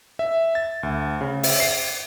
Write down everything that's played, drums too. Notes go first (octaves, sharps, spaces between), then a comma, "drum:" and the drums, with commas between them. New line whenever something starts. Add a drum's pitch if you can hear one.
E5
A6
D2
C#3
E5, drum: open hi-hat
C7